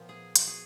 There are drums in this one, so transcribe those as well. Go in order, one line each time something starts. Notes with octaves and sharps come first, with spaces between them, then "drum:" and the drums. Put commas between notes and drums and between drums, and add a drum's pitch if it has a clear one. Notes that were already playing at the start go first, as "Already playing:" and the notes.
Already playing: A#2 F3 B3
G#4
F#4, drum: hi-hat
G#4